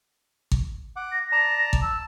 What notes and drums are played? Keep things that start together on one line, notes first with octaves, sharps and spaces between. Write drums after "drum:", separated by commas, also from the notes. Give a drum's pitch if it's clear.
drum: kick G#1
F#5 D6
A#6
D5 A5 A#5
drum: kick G#1
A5 E6